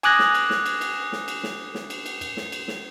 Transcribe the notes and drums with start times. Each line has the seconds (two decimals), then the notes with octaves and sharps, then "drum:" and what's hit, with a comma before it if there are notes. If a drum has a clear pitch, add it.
0.03 G#5 D6 D#6 F#6 G#6 A#6, drum: cymbal
0.19 drum: snare
0.35 drum: cymbal
0.50 drum: snare
0.66 drum: cymbal
0.81 drum: cymbal
1.12 drum: snare
1.28 drum: cymbal
1.43 drum: snare
1.75 drum: snare
1.90 drum: cymbal
2.06 drum: cymbal
2.21 drum: cymbal
2.37 drum: snare
2.52 drum: cymbal
2.68 drum: snare